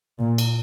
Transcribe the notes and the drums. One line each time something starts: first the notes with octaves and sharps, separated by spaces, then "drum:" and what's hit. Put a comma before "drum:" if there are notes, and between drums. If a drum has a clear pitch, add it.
A#2
drum: cymbal